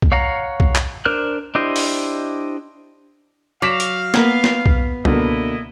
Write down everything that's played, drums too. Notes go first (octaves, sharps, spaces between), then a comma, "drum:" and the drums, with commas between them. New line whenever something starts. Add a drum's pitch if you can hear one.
drum: kick B1
C#5 F5 F#5 A#5
drum: kick B1
drum: clap
D4 A#4 C5 F6 F#6
D4 E4 G4 C5 D#5
drum: open hi-hat
F#3 F5 D6 B6 E7
drum: hi-hat
A#3 B3 A#5 G#6, drum: snare
drum: snare
drum: kick B1
C#2 B2 D3 A#3 E4 D#5, drum: tom